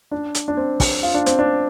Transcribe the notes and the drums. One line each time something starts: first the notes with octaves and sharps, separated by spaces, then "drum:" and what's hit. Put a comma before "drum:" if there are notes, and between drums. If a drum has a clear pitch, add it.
D4
drum: hi-hat
D4
C4
drum: kick, open hi-hat
F4
D4
C4, drum: hi-hat
D4